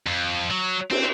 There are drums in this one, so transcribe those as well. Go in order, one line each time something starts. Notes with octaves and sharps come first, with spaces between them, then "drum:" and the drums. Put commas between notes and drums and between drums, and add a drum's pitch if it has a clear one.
F2
F#3
C4, drum: cymbal